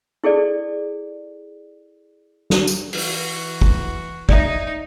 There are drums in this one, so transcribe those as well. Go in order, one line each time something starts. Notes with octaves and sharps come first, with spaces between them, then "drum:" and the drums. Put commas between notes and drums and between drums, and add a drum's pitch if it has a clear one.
E4 G#4 A4 D5
drum: snare
drum: tambourine
E3 F#4, drum: open hi-hat
drum: kick
D#4 D5 E5, drum: kick